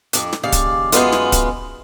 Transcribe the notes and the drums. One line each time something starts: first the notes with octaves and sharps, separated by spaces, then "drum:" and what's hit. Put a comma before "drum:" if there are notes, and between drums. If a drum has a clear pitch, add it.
F2 D4, drum: hi-hat
drum: snare
D#2 C#3 D5 F5
drum: kick, hi-hat
F#2 G#3 B3 F4, drum: hi-hat
drum: snare
drum: kick, hi-hat